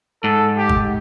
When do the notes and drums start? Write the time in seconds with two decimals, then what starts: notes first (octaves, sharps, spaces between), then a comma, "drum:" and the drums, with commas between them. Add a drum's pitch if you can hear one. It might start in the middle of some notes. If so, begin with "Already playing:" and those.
0.23 G#2 A4
0.57 G4
0.69 drum: kick